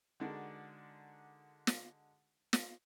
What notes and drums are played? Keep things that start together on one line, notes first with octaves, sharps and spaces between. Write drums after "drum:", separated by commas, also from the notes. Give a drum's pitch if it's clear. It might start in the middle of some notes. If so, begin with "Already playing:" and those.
D3 G#3 D4 D#4 F#4 A#4
drum: snare
drum: snare